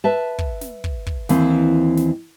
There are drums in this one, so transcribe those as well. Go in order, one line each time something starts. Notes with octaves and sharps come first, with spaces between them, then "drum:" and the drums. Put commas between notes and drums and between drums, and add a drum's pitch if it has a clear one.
B4 E5 A5
drum: kick
drum: snare
drum: kick
drum: kick
D#2 E3 C4, drum: snare
drum: snare